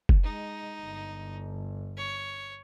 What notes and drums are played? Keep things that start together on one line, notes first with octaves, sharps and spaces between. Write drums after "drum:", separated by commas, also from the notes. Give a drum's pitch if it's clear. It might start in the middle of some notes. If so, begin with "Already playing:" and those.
drum: kick F#1
G#3 D#4
G1
C#5